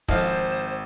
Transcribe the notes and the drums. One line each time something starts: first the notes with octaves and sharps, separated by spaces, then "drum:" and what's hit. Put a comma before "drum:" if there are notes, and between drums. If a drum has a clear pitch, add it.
G#1 F3 C5 D#5 F5, drum: kick